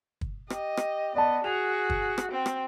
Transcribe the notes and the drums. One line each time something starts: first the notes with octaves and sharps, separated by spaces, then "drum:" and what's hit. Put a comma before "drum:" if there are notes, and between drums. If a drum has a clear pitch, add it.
drum: kick
G4 D#5, drum: rim click
drum: rim click
B3 D5 D#5 A5
F#4 G#4 F7
drum: kick
drum: rim click
C4
drum: rim click